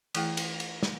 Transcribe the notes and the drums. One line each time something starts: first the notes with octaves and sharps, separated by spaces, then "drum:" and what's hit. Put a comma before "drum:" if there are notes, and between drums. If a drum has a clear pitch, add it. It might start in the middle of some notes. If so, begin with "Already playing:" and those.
E3 A3 E4 G#4 G5, drum: cymbal
drum: cymbal
drum: cymbal
drum: snare